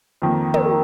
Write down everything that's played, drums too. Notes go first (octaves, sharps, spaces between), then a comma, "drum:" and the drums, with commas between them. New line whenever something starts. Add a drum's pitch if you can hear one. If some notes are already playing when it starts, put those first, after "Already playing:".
F2 D#3 A#3
A#4, drum: tom